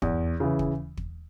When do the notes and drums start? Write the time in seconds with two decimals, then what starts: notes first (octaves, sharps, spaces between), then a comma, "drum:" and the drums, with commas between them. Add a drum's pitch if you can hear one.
0.02 E2, drum: kick
0.40 C#3 E3
0.59 drum: kick
0.97 drum: kick